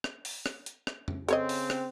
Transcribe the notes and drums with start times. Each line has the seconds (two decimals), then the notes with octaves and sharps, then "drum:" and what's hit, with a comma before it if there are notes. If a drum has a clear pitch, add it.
0.04 drum: rim click
0.25 drum: open hi-hat
0.46 drum: rim click
0.66 drum: hi-hat
0.87 drum: rim click
1.08 drum: tom
1.29 C#3 C4 A4 C#5 D#5, drum: hi-hat
1.49 drum: open hi-hat
1.70 drum: rim click